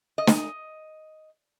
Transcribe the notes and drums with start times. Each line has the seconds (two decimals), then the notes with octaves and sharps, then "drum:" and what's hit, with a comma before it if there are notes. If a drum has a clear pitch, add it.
0.18 D#5
0.27 drum: snare